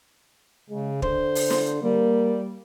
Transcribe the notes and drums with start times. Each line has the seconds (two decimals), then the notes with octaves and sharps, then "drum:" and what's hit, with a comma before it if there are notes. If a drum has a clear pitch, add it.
0.70 C#3 G#3
1.02 D3 C5, drum: kick
1.35 drum: open hi-hat
1.50 drum: snare
1.82 G3 A#3